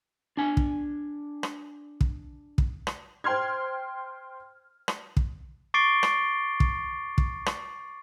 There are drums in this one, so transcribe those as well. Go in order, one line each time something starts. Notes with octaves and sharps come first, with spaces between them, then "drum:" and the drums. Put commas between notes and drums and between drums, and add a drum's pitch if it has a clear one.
D4 G#5
drum: kick
drum: rim click
drum: kick
drum: kick
drum: rim click
C5 G5 C6 F6 G#6
drum: rim click
drum: kick
C#6 D6 A6 C7 D7 G7
drum: rim click
drum: kick
drum: kick
drum: rim click